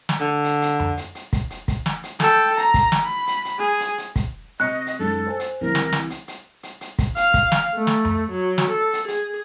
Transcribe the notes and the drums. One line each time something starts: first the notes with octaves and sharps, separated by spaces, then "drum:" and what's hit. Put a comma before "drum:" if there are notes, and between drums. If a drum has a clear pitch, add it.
drum: snare
D3
drum: hi-hat
drum: hi-hat
drum: tom F2
drum: hi-hat
drum: hi-hat
drum: kick, hi-hat
drum: hi-hat
drum: kick, hi-hat
drum: snare
drum: hi-hat
A4 G5, drum: snare
A#5, drum: hi-hat
drum: kick, hi-hat
drum: snare
B5
drum: hi-hat
drum: hi-hat
G#4
drum: hi-hat
drum: hi-hat
drum: kick, hi-hat
C3 D#5 C#6 F#6 C#7
drum: hi-hat
F#2 D#3 G#3 A4
C5 G#5
drum: hi-hat
C2 E3 A#4
drum: snare
drum: snare
drum: hi-hat
drum: hi-hat
drum: hi-hat
drum: hi-hat
drum: kick, hi-hat
F5, drum: hi-hat
drum: kick, hi-hat
drum: snare
A3
drum: snare
drum: tom F2
F#3
drum: snare
A4
drum: hi-hat
G#4, drum: hi-hat